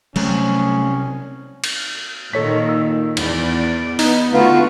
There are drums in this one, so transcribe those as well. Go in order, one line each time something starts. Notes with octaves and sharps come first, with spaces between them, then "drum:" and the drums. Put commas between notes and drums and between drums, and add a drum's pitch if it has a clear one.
C2 F#3 A3 C#4, drum: cymbal
drum: cymbal
A#2 D#3 A4 C#5 B6
E6
E2 D5, drum: cymbal
B3 D#4, drum: open hi-hat
D3 A3 B3 F4 F#4